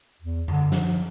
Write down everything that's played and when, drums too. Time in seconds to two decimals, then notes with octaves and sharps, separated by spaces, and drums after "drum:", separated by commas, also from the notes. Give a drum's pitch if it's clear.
0.22 E2
0.48 D3, drum: tom F#2
0.72 F3, drum: snare